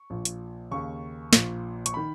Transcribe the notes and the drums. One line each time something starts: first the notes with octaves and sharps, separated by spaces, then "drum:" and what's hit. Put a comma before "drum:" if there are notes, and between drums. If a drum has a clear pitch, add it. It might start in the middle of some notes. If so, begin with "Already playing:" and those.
Already playing: C#6
A#1 A#2
drum: hi-hat
D#2 C#3 C#6
A#1 A#2, drum: snare
C#6, drum: hi-hat
D#3 B5